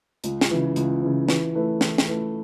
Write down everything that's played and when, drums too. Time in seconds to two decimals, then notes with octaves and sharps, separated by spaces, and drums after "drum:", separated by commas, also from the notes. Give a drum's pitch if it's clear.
0.24 C#2, drum: hi-hat
0.41 drum: snare
0.51 C#3 E3
0.76 C#2, drum: hi-hat
1.02 C#3 E3
1.29 E3, drum: snare
1.55 A3 E4 B4
1.81 E3, drum: snare
1.98 drum: snare
2.07 A3 E4 B4